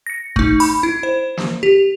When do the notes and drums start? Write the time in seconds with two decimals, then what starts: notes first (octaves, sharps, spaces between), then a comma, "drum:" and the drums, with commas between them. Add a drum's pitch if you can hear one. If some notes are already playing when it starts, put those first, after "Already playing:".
0.06 A#6 C#7
0.36 A3 D#4, drum: kick
0.60 B5, drum: open hi-hat
0.83 E4
1.03 C5
1.37 drum: snare
1.63 G4